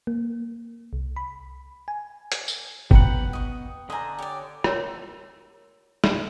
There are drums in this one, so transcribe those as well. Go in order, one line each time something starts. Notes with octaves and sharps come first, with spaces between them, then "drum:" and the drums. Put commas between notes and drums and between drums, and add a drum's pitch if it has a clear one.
A#3
C2
B5
G#5
drum: hi-hat
drum: tambourine
B3 F#5 G5 A#5 B5, drum: kick
D#5 C#6
D3 D4 C5 D#5 G#5 A#5
G4 C#5 D5
A#4 C#5 C6 E6, drum: rim click
drum: snare